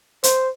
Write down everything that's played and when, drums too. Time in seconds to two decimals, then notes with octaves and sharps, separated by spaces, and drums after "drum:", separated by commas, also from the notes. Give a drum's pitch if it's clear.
0.23 C5, drum: hi-hat